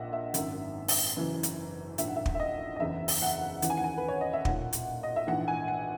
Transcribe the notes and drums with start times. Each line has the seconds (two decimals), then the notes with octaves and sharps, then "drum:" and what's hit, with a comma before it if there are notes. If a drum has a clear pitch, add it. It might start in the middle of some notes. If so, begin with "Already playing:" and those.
Already playing: A#1 A#2 D#5 E5 F#5
0.13 E5
0.34 G#1 F#2 D#3, drum: hi-hat
0.88 drum: open hi-hat
1.16 F#1 F#2 E3
1.43 drum: hi-hat
1.98 A#1 G#2 D#3 E5, drum: hi-hat
2.08 F#5
2.16 E5
2.26 drum: kick
2.35 E5
2.39 D#5
2.76 D#5
2.80 F#1 E2 C#3 E5
3.08 drum: open hi-hat
3.22 F#5
3.62 D#2 C#3 E3, drum: hi-hat
3.70 G#5
3.77 F#5
3.84 G#5
3.98 B4
4.08 C#5
4.21 D#5
4.33 E5
4.45 B1 A#2 F#5, drum: kick
4.73 drum: hi-hat
5.03 D#5
5.16 E5
5.27 A#1 G#2 E3 F#5
5.48 G#5
5.68 F#5